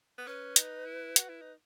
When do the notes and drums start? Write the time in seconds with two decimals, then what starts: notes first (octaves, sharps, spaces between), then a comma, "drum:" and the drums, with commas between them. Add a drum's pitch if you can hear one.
0.18 B3
0.27 C#4 B4
0.56 D#4, drum: hi-hat
0.86 E4
1.16 F#4, drum: hi-hat
1.29 E4
1.41 D#4